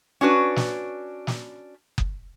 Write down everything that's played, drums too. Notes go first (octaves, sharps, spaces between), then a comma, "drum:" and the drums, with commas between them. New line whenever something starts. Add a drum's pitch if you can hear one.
C#4 D4 F#4 B4
drum: snare
drum: snare
drum: kick F#1